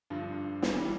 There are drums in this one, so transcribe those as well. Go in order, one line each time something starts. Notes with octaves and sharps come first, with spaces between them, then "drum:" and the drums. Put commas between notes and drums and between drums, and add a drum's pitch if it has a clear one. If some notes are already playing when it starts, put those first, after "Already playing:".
G2 D3 F3
drum: snare
E3 G3